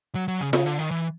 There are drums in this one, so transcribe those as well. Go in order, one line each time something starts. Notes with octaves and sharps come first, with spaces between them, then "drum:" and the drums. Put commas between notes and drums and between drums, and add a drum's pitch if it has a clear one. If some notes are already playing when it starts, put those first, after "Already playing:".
F#3
F#3
C#3
C#3, drum: snare F4
D3
D#3
E3